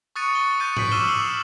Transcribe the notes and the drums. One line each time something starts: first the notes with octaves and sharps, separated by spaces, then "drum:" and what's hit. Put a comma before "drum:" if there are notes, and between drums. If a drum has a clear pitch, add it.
C#6 D#6 F#6 A6 C#7 D#7
C#6 G7
D#6 G6 A6 C#7 D#7
B6 C7 D7 F#7, drum: tom G#2
D6 E6 F6 D#7 E7 G7
D#6 E6 C7 E7 F#7